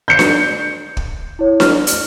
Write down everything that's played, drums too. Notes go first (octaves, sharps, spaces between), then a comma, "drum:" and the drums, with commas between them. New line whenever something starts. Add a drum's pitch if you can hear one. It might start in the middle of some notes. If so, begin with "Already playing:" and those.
G6 C#7
drum: snare D4
drum: kick
E4 C#5
F6, drum: snare D4
drum: hi-hat